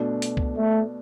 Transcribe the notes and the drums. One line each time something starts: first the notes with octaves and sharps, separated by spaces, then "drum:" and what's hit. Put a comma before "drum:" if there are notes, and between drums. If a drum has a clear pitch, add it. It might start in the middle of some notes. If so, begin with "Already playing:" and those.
Already playing: B2 A3 D4
drum: hi-hat
drum: kick C2
A3